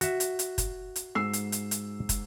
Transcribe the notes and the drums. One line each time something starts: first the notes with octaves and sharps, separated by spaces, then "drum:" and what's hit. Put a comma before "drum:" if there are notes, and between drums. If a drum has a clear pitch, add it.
F#4 E5, drum: hi-hat
drum: hi-hat
drum: hi-hat
drum: kick, hi-hat
drum: hi-hat
G#2 E6 C7
drum: hi-hat
drum: hi-hat
drum: hi-hat
drum: kick, hi-hat